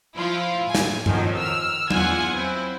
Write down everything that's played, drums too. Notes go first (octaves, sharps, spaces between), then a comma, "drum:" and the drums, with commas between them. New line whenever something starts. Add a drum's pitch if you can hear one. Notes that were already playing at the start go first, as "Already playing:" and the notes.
F3 E4 F4
A2 G#5
drum: snare
F2 D#3 F3 F#3, drum: tom G2
E6 F6
E2 F4 F#5 G#5, drum: tom F#3
F#3 C4 E4